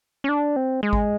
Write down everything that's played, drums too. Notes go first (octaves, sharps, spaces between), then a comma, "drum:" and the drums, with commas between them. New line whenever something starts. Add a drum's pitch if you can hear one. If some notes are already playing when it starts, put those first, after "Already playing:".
C#4
D4
C4
G#3
drum: kick G#1